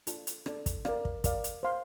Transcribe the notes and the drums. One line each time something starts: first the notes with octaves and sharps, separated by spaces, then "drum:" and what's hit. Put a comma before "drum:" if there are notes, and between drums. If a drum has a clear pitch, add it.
D4 F4 A4 D5 A5, drum: hi-hat
drum: hi-hat
D4 F4 A4 D5 A5, drum: rim click
drum: kick, hi-hat
A#4 D5 F5, drum: rim click
drum: kick
A#4 D5 F5, drum: kick, hi-hat
drum: hi-hat
C5 F5 C6